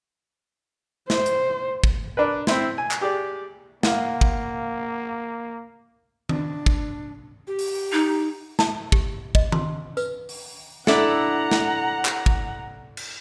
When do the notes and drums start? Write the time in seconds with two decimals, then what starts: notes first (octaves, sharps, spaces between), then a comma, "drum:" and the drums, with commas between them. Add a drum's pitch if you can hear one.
1.10 C5, drum: snare
1.26 drum: hi-hat
1.84 drum: kick
2.17 D4 A#4 B4
2.47 C4 E4 C5, drum: snare
2.78 G#5
2.91 drum: clap
3.01 G4 G#4 D5
3.83 A#3 F5 F#5, drum: snare
4.21 drum: kick
6.29 D4, drum: tom D#3
6.66 drum: kick
7.47 G4
7.59 drum: open hi-hat
7.92 D#4
8.59 A5, drum: snare
8.92 G4, drum: kick
9.35 D#5, drum: kick
9.52 C6, drum: tom D#3
9.97 B4, drum: tambourine
10.29 drum: open hi-hat
10.87 D4 E4 A4 F#5 A#5, drum: snare
11.51 drum: snare
12.05 drum: clap
12.26 drum: kick
12.97 drum: cymbal